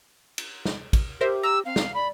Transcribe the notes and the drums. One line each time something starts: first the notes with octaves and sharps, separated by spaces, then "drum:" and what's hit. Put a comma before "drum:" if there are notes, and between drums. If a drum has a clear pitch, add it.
drum: cymbal
drum: snare
drum: kick, cymbal
G4 A#4 C5 E5
A#5 E6
C4 F5
drum: snare
D5 B5